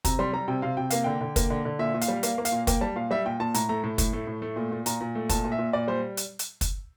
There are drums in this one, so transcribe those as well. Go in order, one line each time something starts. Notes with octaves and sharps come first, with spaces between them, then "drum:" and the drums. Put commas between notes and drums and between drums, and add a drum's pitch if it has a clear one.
C3 A#5, drum: kick, hi-hat
G3 C6
G3 A#5
C3 G5
C3 F5
C3 G5
A#3 F5, drum: hi-hat
D3 G5
D3
A#3, drum: kick, hi-hat
D3
D3
A#2 E5
A#2
F5, drum: hi-hat
G3
A#3 F5, drum: hi-hat
A#3
F5, drum: hi-hat
A#2
A#3 G5, drum: kick, hi-hat
G3 A5
A#2 F5
G3 E5
A#2 G5
A#2 A5
A2 A#5, drum: hi-hat
A3 A#5
A2
A2, drum: kick, hi-hat
A3
A2
A3
A#2
A#2
A#2 A#5, drum: hi-hat
A#2
A3
A#2 A5, drum: kick, hi-hat
A#2
E5
A#2
A#2 D5
G3 C5
drum: hi-hat
drum: hi-hat
drum: kick, hi-hat